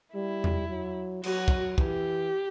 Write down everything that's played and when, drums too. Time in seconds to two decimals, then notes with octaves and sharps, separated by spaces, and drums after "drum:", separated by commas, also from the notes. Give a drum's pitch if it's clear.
0.14 G3 E4
0.44 drum: tom E2
0.69 F#3
1.23 F#3 F#4, drum: cymbal
1.48 drum: kick
1.78 E3 G4, drum: kick